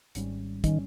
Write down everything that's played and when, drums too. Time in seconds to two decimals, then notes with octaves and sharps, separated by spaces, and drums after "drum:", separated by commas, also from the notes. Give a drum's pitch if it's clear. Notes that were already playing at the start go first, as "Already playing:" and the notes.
0.15 G#1 G#2 G3 C#4, drum: hi-hat
0.64 D#3 G3 C#4, drum: kick, hi-hat